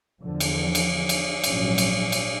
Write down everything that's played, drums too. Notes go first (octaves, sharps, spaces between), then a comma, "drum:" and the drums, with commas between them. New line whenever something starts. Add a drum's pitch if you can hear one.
E2 D3 F3
drum: cymbal
drum: cymbal
drum: cymbal
G#1 A#2 F3 F#3 C#4, drum: cymbal
drum: cymbal
drum: cymbal